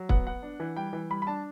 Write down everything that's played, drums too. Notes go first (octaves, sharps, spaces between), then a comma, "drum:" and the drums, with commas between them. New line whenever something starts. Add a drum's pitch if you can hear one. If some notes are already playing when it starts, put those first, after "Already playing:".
Already playing: F#3
B3 F#5, drum: kick
B3 F#5
D4
E3
G3 G5
E3
G3 B5
B5
D4 A5